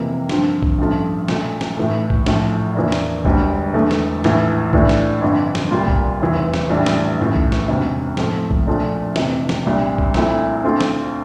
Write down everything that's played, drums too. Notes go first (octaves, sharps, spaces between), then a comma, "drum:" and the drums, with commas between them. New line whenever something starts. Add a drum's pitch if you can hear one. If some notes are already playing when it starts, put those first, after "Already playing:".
Already playing: F2 C3 E3 A#3
G2 D3 F3 C4, drum: snare
drum: kick B1
A1 G2 F3 A3
A#1 A#2 A3, drum: snare
drum: snare
A2 E3 A3
drum: kick B1
A#1 A2 F3, drum: snare
E2 E3 A#3 D4
drum: snare
E1 D2 D3 G3, drum: kick B1
E1 E2 D3 A3
drum: snare
A#1 A2 E3, drum: snare
A2 E3 A3 D4, drum: kick B1
drum: snare
G1 F2 D3
drum: snare
C2 A#2 G3 A#3 F4
drum: kick B1
F1 E2 E3
drum: snare
A#1 A2 E3 G3 D4
drum: snare
A1 A2 E3
drum: kick B1
drum: snare
E1 D2 C3
A2 F3 A3 C4, drum: snare
drum: kick B1
A#1 A#2 F3 A3 D4
F1 F2 C3 E3, drum: snare
drum: snare
C2 A#2 G3 D4
drum: kick B1
A#1 A#2 A3 C4 E4, drum: snare
D2 D3 A3 C4 F4
drum: snare